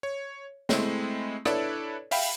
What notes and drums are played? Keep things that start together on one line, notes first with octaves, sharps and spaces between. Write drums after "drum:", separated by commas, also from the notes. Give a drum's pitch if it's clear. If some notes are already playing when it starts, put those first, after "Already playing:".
C#5
G#3 A3 C4 E4, drum: snare
D4 E4 A4 B4 C#5 D5, drum: rim click
E5 F5 G5 B5, drum: open hi-hat